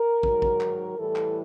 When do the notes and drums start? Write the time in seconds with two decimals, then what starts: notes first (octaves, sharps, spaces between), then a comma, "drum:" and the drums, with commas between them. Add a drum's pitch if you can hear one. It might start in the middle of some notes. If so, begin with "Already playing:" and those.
Already playing: A#4
0.23 G#2 D#3 F#3, drum: kick
0.42 drum: kick
0.61 drum: clap
0.97 A2 E3 G3 A4
1.16 drum: clap